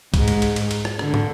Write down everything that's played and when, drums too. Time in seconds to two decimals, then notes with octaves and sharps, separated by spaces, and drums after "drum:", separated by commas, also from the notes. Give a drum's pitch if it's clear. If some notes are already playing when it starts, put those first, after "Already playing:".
0.14 G#2, drum: kick B1, cymbal
0.28 drum: cymbal
0.42 drum: cymbal
0.56 drum: cymbal
0.71 drum: cymbal
0.85 drum: rim click
0.99 D3, drum: rim click
1.14 drum: tom